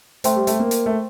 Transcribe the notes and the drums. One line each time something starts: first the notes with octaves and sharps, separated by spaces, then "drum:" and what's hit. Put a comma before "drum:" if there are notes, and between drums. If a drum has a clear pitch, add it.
A3 C5 E5 G5 C6, drum: hi-hat
G3
A3, drum: hi-hat
A#3
drum: hi-hat
A3